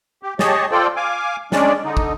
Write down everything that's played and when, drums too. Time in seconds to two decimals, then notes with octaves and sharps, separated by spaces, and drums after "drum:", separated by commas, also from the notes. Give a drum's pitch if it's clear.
0.23 G4
0.39 G4 G#4 C#5 D#5 A5, drum: snare
0.71 F4 A4 C5 D5 G5
0.96 F5 G#5 D6
1.52 G#3 C#4 D4 D5, drum: snare
1.85 D3 D#4
1.97 drum: kick